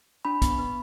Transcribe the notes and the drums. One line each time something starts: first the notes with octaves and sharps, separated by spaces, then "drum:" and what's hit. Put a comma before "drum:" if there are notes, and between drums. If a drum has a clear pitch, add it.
D4 B5
B3, drum: kick, hi-hat
B3